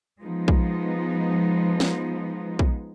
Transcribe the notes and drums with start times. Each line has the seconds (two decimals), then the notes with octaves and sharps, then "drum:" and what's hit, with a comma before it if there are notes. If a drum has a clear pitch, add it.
0.22 F3 G#3 B3 D#4
0.48 drum: kick
1.80 drum: snare
2.59 drum: kick